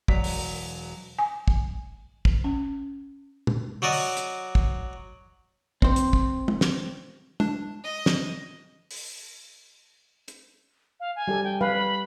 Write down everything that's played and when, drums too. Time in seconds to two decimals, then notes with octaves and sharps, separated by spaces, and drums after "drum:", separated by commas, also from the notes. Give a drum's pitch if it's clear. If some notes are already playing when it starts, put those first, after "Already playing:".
0.08 E1 F#3 D5 B6, drum: kick
0.24 drum: open hi-hat
1.18 G#5
1.48 drum: kick
2.25 drum: kick
2.44 C#4
3.47 drum: tom
3.82 F#3 F#4 D5 D#5
3.93 drum: open hi-hat
4.17 drum: hi-hat
4.55 drum: kick
5.82 C4 C5, drum: kick
5.96 drum: hi-hat
6.13 drum: kick
6.48 drum: tom
6.61 drum: snare
7.40 D4, drum: tom
7.84 D#5
8.06 drum: snare
8.91 drum: open hi-hat
10.28 drum: hi-hat
11.00 F5
11.16 G#5
11.28 G3 G4 A4
11.44 G5
11.61 G3 B4 F5 B5